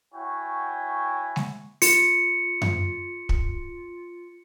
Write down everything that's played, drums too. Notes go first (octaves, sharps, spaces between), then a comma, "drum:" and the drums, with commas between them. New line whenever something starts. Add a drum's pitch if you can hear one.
E4 F#4 C#5 G5 G#5
drum: snare G#3
F4 C#7, drum: open hi-hat
drum: tom F#2
drum: kick